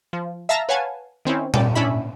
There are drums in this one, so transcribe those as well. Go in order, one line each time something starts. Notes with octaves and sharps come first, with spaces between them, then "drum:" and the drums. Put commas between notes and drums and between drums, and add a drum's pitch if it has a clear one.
F3
E5 F5 A5 A#5 E6 A#6
B4 C#5 F5 F#5 G#5 A5
D#3 C4 C#4 E4
D5 G5, drum: tom A#2
C#4 D4 E4 E5 B5